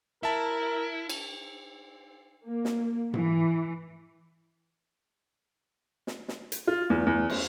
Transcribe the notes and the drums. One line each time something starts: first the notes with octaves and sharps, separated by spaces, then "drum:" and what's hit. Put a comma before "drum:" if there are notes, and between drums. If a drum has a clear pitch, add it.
E4 A#4 E5 A5
drum: cymbal
A#3
drum: snare
E3, drum: tom G#2
drum: snare
drum: snare
drum: hi-hat
F4
E2
E2
C#4, drum: cymbal